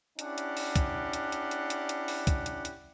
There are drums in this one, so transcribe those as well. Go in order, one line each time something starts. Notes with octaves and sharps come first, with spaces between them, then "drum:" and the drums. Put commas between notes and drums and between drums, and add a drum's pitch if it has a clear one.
C#4 D4 E4 G4 F#5, drum: hi-hat
drum: hi-hat
drum: open hi-hat
drum: kick, hi-hat
drum: hi-hat
drum: hi-hat
drum: hi-hat
drum: hi-hat
drum: hi-hat
drum: open hi-hat
drum: kick, hi-hat
drum: hi-hat
drum: hi-hat